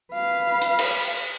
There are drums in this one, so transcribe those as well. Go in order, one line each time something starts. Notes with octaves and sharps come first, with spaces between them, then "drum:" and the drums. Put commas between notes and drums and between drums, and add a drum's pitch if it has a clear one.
B4 F5
drum: hi-hat
drum: cymbal